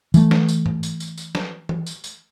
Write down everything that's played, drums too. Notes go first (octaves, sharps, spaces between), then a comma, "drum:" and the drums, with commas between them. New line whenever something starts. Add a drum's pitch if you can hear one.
E3 A3, drum: tambourine
drum: snare
drum: tambourine
drum: tom G#2
drum: tambourine
drum: tambourine
drum: tambourine
drum: snare
drum: tom E3
drum: tambourine
drum: tambourine